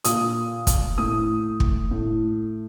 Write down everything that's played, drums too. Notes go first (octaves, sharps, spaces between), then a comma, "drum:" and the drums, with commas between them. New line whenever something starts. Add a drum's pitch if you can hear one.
A#2 D#6, drum: hi-hat
drum: kick, hi-hat
A2 D#6
drum: kick
A2